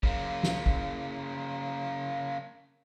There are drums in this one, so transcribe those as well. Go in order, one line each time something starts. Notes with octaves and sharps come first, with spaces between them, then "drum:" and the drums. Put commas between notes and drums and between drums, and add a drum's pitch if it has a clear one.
C#3 A#3, drum: kick
drum: snare
drum: kick